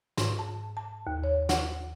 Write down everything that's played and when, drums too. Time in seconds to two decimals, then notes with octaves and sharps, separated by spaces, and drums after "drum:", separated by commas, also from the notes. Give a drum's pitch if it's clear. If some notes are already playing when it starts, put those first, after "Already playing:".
0.18 G#2, drum: snare
0.39 A5
0.77 A5
1.07 D#2
1.24 C#5
1.49 F#5, drum: snare